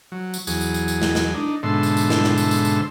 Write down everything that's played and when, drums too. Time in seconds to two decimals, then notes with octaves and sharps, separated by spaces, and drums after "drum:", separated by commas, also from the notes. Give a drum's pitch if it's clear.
0.12 F#3
0.34 drum: tambourine
0.47 E2 F#3 G#4, drum: tambourine
0.61 drum: tambourine
0.74 drum: tambourine
0.88 drum: tambourine
1.02 drum: snare
1.15 drum: snare
1.34 D4 D#4
1.63 G#2 B2 D3 A4 E5 C6
1.83 drum: tambourine
1.97 drum: tambourine
2.10 drum: snare
2.24 drum: snare
2.38 drum: tambourine
2.51 drum: tambourine
2.65 drum: tambourine